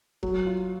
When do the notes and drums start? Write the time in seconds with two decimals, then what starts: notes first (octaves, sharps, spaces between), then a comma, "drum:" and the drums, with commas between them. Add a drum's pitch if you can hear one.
0.23 F#3, drum: kick F1
0.46 F4